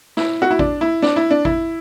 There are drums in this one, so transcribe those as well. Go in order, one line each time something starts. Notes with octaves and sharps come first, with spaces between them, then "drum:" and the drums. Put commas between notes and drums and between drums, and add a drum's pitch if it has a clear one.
E4, drum: snare
F#4
E4
D4, drum: kick A1
E4
D4, drum: snare
E4
D4
E4, drum: kick A1